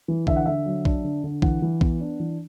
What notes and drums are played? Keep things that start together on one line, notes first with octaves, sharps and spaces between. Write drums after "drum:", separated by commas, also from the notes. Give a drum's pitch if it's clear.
E3
D3 E5, drum: kick
F#5
D3 E5
F#3
D4, drum: kick
D3
D3
E3 F#5, drum: kick
E3
B3, drum: kick
D4
E3